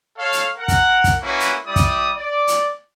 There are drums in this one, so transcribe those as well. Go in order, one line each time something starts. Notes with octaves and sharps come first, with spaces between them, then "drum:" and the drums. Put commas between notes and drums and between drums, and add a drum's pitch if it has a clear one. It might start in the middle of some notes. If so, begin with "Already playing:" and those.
A4 C#5 F5
drum: hi-hat
A#4 F#5
drum: kick, hi-hat
drum: kick, hi-hat
A#3 C#4 E4 F#4 B4
drum: hi-hat
G3 E4 D5 D#6
drum: kick, hi-hat
D5
drum: hi-hat